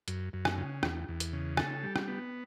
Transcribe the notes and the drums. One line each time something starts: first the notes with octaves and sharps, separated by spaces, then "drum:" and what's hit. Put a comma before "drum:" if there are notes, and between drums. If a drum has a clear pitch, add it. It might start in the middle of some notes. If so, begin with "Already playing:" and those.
F#2, drum: hi-hat
F#2
drum: rim click
C#3
E2, drum: rim click
E2
drum: hi-hat
C#3
A4, drum: rim click
G3
drum: rim click
B3